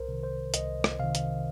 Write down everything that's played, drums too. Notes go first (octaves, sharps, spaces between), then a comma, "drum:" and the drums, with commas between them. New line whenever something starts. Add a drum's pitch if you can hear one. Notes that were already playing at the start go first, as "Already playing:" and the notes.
Already playing: C2 A#4 C5
C3 D#3
C5
C2 D#5, drum: hi-hat
drum: rim click
C3 D#3 F5
drum: hi-hat